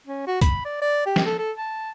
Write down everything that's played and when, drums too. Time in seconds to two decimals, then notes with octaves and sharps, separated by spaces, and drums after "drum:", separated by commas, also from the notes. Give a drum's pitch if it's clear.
0.07 C#4
0.27 F#4
0.41 B5, drum: kick, hi-hat
0.65 D5
0.81 D5
1.06 G4
1.16 drum: snare
1.26 A4
1.38 A4
1.57 A5